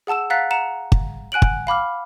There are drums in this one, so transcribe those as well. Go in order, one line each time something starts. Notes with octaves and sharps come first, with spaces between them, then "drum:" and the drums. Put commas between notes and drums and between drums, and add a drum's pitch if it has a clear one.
G#4 F#5 A5 E6 E7
F5 F#5 A#5 F#6 A6 B6
F#5 A#5 C#7 E7
drum: kick
F#5 G#5 F#6 D7 F#7
drum: kick
F5 B5 D6 F6